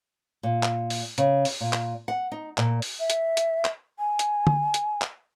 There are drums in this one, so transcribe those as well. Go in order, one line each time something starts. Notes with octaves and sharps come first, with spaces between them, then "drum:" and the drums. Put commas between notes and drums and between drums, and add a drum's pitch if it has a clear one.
A#2
drum: clap
drum: open hi-hat
C#3, drum: hi-hat
drum: open hi-hat
A#2
drum: clap
F#5
D#4
A#2, drum: clap
drum: open hi-hat
E5
drum: hi-hat
drum: hi-hat
drum: clap
G#5
drum: hi-hat
drum: tom
drum: hi-hat
drum: clap